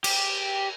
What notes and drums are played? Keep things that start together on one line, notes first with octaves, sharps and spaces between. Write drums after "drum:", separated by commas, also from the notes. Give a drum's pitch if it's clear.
G4, drum: cymbal